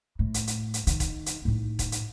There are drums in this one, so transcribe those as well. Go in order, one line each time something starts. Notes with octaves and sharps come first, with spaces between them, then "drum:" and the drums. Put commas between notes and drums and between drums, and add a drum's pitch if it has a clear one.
A2
drum: hi-hat
drum: hi-hat
drum: hi-hat
D#3, drum: hi-hat
drum: kick E1, hi-hat
drum: hi-hat
A2 D#4
drum: kick E1, hi-hat
drum: hi-hat